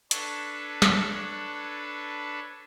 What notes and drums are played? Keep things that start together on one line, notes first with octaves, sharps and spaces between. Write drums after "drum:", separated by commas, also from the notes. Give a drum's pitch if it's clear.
D4 A4 B4 C#5, drum: hi-hat
drum: snare